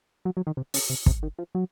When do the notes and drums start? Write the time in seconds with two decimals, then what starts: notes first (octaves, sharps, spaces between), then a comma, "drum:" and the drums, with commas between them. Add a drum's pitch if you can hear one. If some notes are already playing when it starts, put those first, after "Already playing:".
0.25 F#3
0.37 F#3
0.47 D#3
0.57 C3
0.74 C#3, drum: open hi-hat
0.90 C3
1.06 C3, drum: kick
1.23 D#3
1.38 F3
1.55 F#3